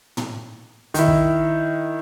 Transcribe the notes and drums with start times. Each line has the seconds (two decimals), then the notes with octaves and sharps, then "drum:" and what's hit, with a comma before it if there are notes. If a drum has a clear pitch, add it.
0.17 drum: tom
0.94 D#3 E4, drum: hi-hat
1.08 drum: kick